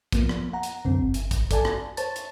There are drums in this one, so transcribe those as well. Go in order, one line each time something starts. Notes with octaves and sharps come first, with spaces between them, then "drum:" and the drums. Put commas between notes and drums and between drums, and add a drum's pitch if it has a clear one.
F3 A#3 B3, drum: kick, hi-hat
drum: rim click
F#5 A#5
drum: hi-hat
C2 F#2 D3 C4
G1
drum: hi-hat
drum: kick, hi-hat
A4 D5 G#5 A5, drum: kick, hi-hat
drum: rim click
C5 C#5 A5 A6, drum: hi-hat
drum: hi-hat